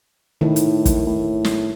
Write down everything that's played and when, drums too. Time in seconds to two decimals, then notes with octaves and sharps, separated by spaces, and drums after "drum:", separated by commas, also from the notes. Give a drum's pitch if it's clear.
0.41 A2 D#3
0.56 drum: hi-hat
0.85 drum: kick, hi-hat
1.07 A2
1.44 drum: snare